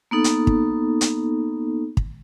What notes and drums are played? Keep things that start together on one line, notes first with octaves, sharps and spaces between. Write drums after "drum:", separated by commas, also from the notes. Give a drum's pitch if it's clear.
A#3 B3 D#4 A4
drum: hi-hat
drum: kick
drum: hi-hat
drum: kick